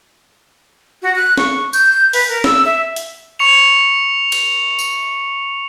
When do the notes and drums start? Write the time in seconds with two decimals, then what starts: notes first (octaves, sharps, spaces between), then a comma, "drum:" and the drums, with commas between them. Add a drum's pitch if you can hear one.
1.03 F#4
1.15 F#6
1.37 C#6, drum: snare
1.73 G6, drum: tambourine
2.13 B4, drum: open hi-hat
2.29 A#4
2.44 E6, drum: snare
2.66 E5
2.96 drum: hi-hat
3.39 C#6 C#7 F7
4.32 drum: cymbal
4.79 drum: tambourine